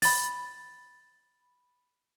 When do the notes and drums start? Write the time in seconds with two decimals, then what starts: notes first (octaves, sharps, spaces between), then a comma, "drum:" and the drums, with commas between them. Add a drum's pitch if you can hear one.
0.02 B5 A6, drum: open hi-hat